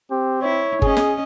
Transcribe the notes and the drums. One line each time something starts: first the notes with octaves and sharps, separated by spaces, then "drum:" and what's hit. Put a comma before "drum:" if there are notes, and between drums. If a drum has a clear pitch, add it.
C4 G4
E4 C#5
C#4 G#4 D#5, drum: kick G1
drum: snare